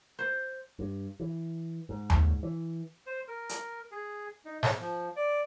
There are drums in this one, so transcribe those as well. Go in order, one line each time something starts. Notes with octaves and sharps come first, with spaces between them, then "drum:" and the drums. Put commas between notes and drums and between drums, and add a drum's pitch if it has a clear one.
C5
G2
E3
G#2
drum: tom D#2
E3
C5
A#4
drum: hi-hat
G#4
D#4
E2, drum: snare G#2
F3
D5